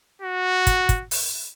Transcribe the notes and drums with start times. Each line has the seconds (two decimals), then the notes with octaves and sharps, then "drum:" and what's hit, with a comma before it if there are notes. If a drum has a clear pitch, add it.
0.22 F#4
0.67 drum: kick, hi-hat
0.89 drum: kick, hi-hat
1.11 drum: open hi-hat